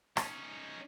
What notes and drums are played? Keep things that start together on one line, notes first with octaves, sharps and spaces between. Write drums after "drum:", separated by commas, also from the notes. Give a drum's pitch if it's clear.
C#4 D#4, drum: rim click